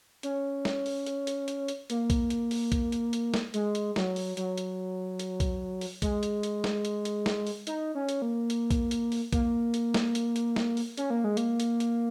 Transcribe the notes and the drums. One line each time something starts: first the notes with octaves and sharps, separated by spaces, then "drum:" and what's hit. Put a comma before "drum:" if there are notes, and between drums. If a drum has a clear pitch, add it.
C#4, drum: hi-hat
drum: snare
drum: open hi-hat
drum: hi-hat
drum: hi-hat
drum: hi-hat
drum: hi-hat
A#3, drum: hi-hat
drum: kick B1, hi-hat
drum: hi-hat
drum: open hi-hat
drum: kick B1, hi-hat
drum: hi-hat
drum: hi-hat
drum: snare
G#3, drum: hi-hat
drum: hi-hat
F#3, drum: snare
drum: open hi-hat
F#3, drum: hi-hat
drum: hi-hat
drum: hi-hat
drum: kick B1, hi-hat
drum: open hi-hat
G#3, drum: kick B1, hi-hat
drum: hi-hat
drum: hi-hat
drum: snare
drum: hi-hat
drum: hi-hat
drum: snare
drum: open hi-hat
D#4, drum: hi-hat
C#4
drum: hi-hat
A#3
drum: hi-hat
drum: kick B1, hi-hat
drum: hi-hat
drum: open hi-hat
A#3, drum: kick B1, hi-hat
drum: hi-hat
drum: snare
drum: hi-hat
drum: hi-hat
drum: snare
drum: open hi-hat
C#4, drum: hi-hat
A#3
G#3
A#3, drum: hi-hat
drum: hi-hat
drum: hi-hat